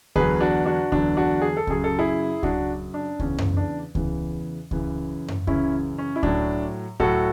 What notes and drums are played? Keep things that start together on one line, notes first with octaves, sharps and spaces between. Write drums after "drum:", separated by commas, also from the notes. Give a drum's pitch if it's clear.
E2 D3 F#3 G#4 B4, drum: kick C#2
D4 F#4
D4 F#4
E2 D3 F#3 D4, drum: kick C#2
D4 F#4
G#4
A4
F#2 C#3 F#3 G#4, drum: kick C#2
A4
E4 G#4
F#2 C#3 F#3 D4 F#4, drum: kick C#2
D4
E2 C#3 E3 C#4, drum: kick C#2
drum: tom F#2
D4
E2 C#3 E3, drum: kick C#2
F#2 C#3 E3, drum: kick C#2
drum: tom F#2
F#2 C#3 E3 C#4 E4, drum: kick C#2
C#4
E4
A2 F#3 D4, drum: kick C#2
A2 F#3 F#4 A4, drum: kick C#2